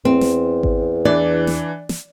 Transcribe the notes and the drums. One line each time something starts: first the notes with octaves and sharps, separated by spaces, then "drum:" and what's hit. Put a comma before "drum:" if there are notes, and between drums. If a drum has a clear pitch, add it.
E2 C4
drum: snare
drum: kick G#1
E3 D4 D5
drum: snare
drum: snare